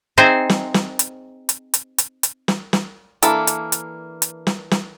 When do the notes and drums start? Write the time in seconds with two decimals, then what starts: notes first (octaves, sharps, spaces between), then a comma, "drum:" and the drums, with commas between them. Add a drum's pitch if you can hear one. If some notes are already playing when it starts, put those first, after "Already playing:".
0.18 C4 D#4 G#4 C5 E5
0.49 drum: snare
0.74 drum: snare
0.99 drum: hi-hat
1.49 drum: hi-hat
1.74 drum: hi-hat
1.98 drum: hi-hat
2.23 drum: hi-hat
2.48 drum: snare
2.73 drum: snare
3.22 E3 A#3 D4 A4, drum: hi-hat
3.47 drum: hi-hat
3.72 drum: hi-hat
4.22 drum: hi-hat
4.47 drum: snare
4.71 drum: snare